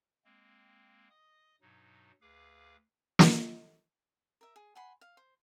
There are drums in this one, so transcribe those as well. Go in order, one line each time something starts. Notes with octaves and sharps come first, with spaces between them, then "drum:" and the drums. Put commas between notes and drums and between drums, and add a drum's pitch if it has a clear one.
G#3 A#3 C4
D#5 D#6
G2 B2 F#3 D#4
D2 G#4 B4 F5 D6
drum: snare
A#4 E5
G#4
F#5 G#5 B5 C6
F5
C5